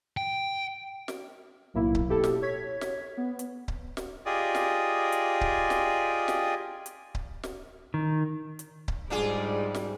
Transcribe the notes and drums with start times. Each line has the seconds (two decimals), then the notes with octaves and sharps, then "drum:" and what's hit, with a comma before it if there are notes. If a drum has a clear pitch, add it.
0.17 G5
1.08 drum: snare
1.74 B1 A2 A#3 E4
1.95 drum: kick C#1
2.08 B2 E4 G4 A4
2.24 drum: snare
2.42 C#5 G#6 B6
2.81 drum: snare
3.17 B3
3.39 drum: hi-hat
3.68 drum: kick C#1
3.97 drum: snare
4.26 F4 G4 G#4 D5 D#5
4.55 drum: snare
5.12 drum: hi-hat
5.41 drum: kick C#1
5.70 drum: snare
6.28 drum: snare
6.86 drum: hi-hat
7.15 drum: kick C#1
7.43 drum: snare
7.94 D#3
8.59 drum: hi-hat
8.88 drum: kick C#1
9.10 G#2 G3 D4 F4 G#4
9.75 drum: snare